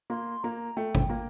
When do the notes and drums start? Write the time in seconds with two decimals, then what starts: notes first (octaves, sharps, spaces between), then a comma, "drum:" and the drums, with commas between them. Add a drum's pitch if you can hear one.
0.10 A#3 C6
0.43 A#3 A#5
0.77 A3 G5
0.95 drum: kick G#1
1.09 A#3